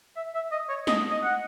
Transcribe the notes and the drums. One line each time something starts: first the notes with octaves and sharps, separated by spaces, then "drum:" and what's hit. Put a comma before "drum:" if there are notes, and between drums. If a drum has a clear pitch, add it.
E5
E5
D#5
C#5
D#5, drum: snare
D#5
F#5